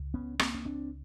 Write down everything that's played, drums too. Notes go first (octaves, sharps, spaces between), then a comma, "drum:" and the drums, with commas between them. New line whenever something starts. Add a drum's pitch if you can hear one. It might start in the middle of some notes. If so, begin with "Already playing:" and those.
Already playing: C#2
B3 C#4
A#3 C4, drum: rim click
C#4
C4 D4